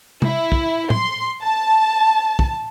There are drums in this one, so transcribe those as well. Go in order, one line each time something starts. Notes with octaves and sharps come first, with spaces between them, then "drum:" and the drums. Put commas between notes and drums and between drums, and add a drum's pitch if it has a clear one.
E4, drum: tom
drum: kick
C6, drum: tom A2
A5
drum: kick